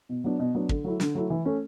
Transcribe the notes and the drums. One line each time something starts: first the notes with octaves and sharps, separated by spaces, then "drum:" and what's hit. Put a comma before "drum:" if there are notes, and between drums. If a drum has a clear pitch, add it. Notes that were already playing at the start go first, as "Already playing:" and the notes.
B2
F#3 B3 D4
B2
F#3 B3 D4
D3, drum: kick
F#3 A3 E4
D3, drum: snare
F#3 A3 E4
E3
A3 C#4